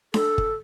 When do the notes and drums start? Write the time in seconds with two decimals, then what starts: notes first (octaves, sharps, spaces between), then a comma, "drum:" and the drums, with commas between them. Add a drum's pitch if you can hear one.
0.14 A4, drum: snare D4
0.38 drum: kick G1